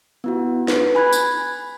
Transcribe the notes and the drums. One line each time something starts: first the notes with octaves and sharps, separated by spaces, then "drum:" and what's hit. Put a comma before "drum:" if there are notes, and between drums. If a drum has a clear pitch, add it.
B3 E4 F#4
B4, drum: snare
G#5 B5 F#6 G#6
drum: tambourine